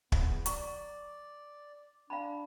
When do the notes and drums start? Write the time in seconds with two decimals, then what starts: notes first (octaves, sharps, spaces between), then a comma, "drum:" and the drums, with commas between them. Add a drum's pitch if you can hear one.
0.12 E2 B3, drum: kick
0.46 D5 A#5 C#6, drum: hi-hat
2.10 D4 F5 A#5 B5